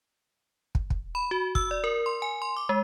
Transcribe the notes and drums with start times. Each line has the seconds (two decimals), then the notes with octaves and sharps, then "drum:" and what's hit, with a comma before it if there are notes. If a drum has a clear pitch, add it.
0.75 drum: kick
0.90 drum: kick
1.15 B5
1.31 F#4
1.55 E6, drum: kick
1.71 D5
1.84 A#4
2.06 C6
2.22 G#5
2.42 C6
2.57 D6
2.69 G#3